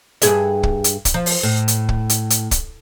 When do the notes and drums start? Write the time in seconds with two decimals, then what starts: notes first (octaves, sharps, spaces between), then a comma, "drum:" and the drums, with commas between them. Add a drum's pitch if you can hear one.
0.22 G2 G#4 E5, drum: hi-hat
0.63 drum: kick
0.84 drum: hi-hat
1.05 drum: kick, hi-hat
1.14 F3
1.26 drum: open hi-hat
1.43 A2
1.68 drum: hi-hat
1.89 drum: kick
2.09 drum: hi-hat
2.30 drum: hi-hat
2.51 drum: kick, hi-hat